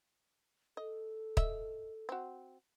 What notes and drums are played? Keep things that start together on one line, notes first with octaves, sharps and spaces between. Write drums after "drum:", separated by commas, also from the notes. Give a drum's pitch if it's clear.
A4 D#5
D#5 E5, drum: kick
C4 F#4